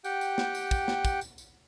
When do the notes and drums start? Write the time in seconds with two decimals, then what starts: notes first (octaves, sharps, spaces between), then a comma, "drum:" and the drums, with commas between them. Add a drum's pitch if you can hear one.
0.04 G4 F#5 G5, drum: tambourine
0.21 drum: tambourine
0.38 drum: snare
0.55 drum: tambourine
0.71 drum: kick, tambourine
0.88 drum: snare
1.05 drum: kick, tambourine
1.21 drum: tambourine
1.38 drum: tambourine